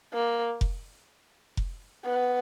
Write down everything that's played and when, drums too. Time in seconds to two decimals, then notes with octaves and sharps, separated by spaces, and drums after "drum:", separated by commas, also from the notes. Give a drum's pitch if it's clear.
0.13 A#3
0.61 drum: kick F1
1.57 drum: kick F1
2.06 B3